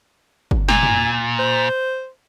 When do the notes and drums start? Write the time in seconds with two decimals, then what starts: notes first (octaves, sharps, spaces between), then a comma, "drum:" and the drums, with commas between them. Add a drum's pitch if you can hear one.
0.51 drum: kick
0.69 A#2 G#5, drum: snare
0.83 drum: tom
1.39 C5